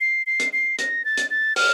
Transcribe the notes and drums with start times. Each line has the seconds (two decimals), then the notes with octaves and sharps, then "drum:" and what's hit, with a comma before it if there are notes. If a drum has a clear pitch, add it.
0.01 C7
0.27 C7
0.40 drum: hi-hat
0.53 C7
0.79 A#6, drum: hi-hat
1.05 A6
1.17 drum: hi-hat
1.30 A6
1.56 F6, drum: open hi-hat